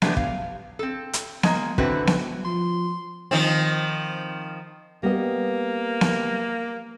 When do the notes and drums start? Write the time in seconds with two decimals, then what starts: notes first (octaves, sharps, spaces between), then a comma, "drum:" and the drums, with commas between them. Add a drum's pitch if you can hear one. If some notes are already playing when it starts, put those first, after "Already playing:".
0.02 E3 G#3 A3 B3 D4 G4, drum: snare B3
0.17 F5, drum: kick
0.79 C4 A4
1.13 drum: hi-hat
1.43 G#3 A#3, drum: snare B3
1.78 D3 E3 C4 F#4 B4, drum: kick
2.07 drum: snare B3
2.45 F3 C6
3.31 D#3 F3 C4
5.03 G3 A#3 B3 D#5
6.01 drum: snare B3